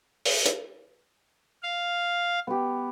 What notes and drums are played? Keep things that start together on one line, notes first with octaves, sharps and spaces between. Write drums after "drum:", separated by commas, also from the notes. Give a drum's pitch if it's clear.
drum: open hi-hat
drum: hi-hat
F5
B3 G4